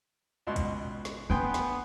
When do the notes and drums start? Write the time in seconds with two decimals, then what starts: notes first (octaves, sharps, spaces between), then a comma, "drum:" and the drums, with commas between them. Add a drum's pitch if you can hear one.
0.47 C#2 B2 C6
0.56 drum: kick, hi-hat
1.05 drum: snare
1.30 B3 D4 G5 G#5 C6
1.54 drum: snare